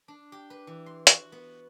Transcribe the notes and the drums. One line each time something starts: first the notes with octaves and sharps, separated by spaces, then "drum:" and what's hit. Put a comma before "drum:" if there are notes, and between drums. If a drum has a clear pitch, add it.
D4
G4
B4
E3
C6
F#4, drum: hi-hat
B3